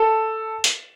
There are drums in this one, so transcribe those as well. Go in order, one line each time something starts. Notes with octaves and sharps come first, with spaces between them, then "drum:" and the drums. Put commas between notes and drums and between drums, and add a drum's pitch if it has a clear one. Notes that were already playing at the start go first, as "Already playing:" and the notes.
Already playing: A4
drum: hi-hat